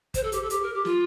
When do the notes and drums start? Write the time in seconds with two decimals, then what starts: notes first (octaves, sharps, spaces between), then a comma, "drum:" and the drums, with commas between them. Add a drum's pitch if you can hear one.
0.14 C5, drum: kick, hi-hat
0.23 A4
0.32 G4, drum: hi-hat
0.41 A4
0.50 G4, drum: hi-hat
0.62 A#4
0.73 G4
0.85 F4, drum: snare